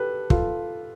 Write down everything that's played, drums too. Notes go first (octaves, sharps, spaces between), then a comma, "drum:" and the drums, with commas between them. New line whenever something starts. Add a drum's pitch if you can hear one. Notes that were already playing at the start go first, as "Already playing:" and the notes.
Already playing: G4 A4 B4
F4 A4, drum: kick